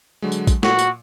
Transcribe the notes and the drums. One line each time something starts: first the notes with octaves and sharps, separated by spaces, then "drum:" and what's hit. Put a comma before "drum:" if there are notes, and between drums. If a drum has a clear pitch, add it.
D3 F#3 G#3
drum: tambourine
drum: kick, tambourine
A#2 F#4, drum: snare
drum: tambourine